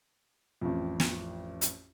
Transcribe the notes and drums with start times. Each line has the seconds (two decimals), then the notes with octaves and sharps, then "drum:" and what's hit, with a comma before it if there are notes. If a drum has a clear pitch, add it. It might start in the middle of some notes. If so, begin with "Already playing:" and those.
0.61 A1 F2
1.00 drum: snare
1.61 drum: hi-hat